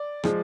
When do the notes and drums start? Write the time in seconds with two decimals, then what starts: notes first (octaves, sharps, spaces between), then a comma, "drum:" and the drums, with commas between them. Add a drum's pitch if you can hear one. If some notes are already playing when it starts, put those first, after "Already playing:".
Already playing: D5
0.24 F3 G#3, drum: rim click